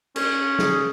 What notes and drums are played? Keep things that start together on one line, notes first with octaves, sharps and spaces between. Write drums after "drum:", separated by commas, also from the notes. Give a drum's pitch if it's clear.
C#4, drum: cymbal
G#4, drum: snare